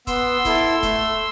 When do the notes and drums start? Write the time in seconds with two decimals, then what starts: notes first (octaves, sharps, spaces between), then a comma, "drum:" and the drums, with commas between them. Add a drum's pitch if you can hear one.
0.07 B3 C6 E6, drum: kick, hi-hat
0.45 E4 A4, drum: kick, hi-hat
0.83 A3, drum: kick, hi-hat